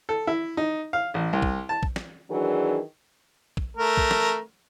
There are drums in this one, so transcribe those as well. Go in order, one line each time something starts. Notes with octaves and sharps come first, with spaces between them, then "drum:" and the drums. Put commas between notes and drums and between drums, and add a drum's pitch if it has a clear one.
A4
E4
D#4
F5
A1
C2
drum: kick
A5
drum: kick
drum: snare
D#3 E3 F#3 D4 G#4
drum: kick
A3 A#4
drum: kick
drum: snare